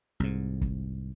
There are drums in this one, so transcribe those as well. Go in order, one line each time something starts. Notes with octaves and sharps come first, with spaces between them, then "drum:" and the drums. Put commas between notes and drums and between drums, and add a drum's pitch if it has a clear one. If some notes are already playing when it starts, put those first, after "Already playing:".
C2 G#2
drum: kick